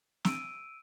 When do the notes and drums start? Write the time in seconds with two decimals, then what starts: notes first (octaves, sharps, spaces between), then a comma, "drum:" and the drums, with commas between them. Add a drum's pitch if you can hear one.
0.25 E6 D7 D#7, drum: snare